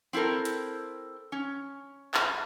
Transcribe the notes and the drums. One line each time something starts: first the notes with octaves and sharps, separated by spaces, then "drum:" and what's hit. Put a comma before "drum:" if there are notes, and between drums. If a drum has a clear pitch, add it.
C4 E4 G4 A4 A#4
drum: hi-hat
C#4
drum: clap